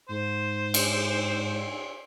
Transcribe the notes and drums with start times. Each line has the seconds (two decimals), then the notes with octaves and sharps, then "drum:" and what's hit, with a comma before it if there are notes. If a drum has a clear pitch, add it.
0.09 G#2 C5
0.74 drum: cymbal